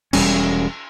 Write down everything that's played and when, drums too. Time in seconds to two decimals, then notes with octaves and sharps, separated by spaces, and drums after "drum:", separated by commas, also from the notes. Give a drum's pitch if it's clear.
0.13 E1 G3 C#4, drum: cymbal